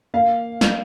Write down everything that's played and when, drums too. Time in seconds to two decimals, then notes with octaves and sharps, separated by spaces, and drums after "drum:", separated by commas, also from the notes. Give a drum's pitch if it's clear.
0.14 A#3 F5
0.61 drum: snare